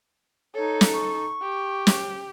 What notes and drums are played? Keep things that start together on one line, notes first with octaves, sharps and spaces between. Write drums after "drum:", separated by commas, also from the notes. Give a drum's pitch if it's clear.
D#4 A4 C#5
drum: snare
C#6
G4
drum: snare